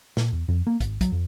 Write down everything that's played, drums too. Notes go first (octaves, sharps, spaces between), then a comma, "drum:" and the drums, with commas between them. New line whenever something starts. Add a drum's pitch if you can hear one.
A#2, drum: snare
E2
F2
A#3
G#1, drum: kick, hi-hat
F#3, drum: kick, hi-hat
F2